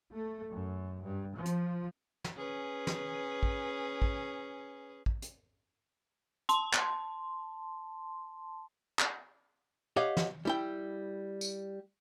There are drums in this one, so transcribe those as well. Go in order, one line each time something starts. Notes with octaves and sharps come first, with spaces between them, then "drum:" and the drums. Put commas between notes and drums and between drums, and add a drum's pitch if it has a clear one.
A3
F#2
G2
F3
drum: hi-hat
drum: snare
C#4 G#4 B4
drum: snare
drum: kick
drum: kick
drum: kick
drum: hi-hat
A5 C6, drum: hi-hat
drum: clap
drum: clap
G4 C#5 D#5 F5 F#5
drum: snare
G3 E4 G5
drum: tambourine